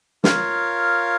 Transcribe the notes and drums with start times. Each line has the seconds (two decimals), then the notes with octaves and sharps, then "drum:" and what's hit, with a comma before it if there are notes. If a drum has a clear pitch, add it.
0.24 F4 A#4 C#5 F5, drum: snare